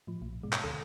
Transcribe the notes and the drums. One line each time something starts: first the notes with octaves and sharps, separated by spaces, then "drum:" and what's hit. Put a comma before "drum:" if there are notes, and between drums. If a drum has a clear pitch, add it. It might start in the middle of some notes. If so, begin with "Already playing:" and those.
A2 F3
B1 A#2
G#2 B2 G#3
drum: clap
D2 D3 A4 D#6